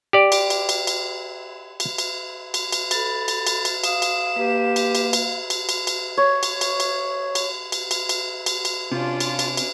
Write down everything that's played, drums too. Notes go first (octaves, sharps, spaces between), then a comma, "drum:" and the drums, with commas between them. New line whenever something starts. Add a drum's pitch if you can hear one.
G4 D5
drum: cymbal
drum: cymbal
drum: cymbal
drum: cymbal
drum: cymbal
drum: cymbal
drum: cymbal
drum: cymbal
A4 B5 A6, drum: cymbal
drum: cymbal
drum: cymbal
drum: cymbal
F5 D#6 E7, drum: cymbal
drum: cymbal
A#3 G4 B4
drum: cymbal
drum: cymbal
drum: cymbal
drum: cymbal
drum: cymbal
drum: cymbal
C#5
drum: cymbal
drum: cymbal
drum: cymbal
drum: cymbal
drum: cymbal
drum: cymbal
drum: cymbal
drum: cymbal
drum: cymbal
C3 C#4 D4 F4
drum: cymbal
drum: cymbal
drum: cymbal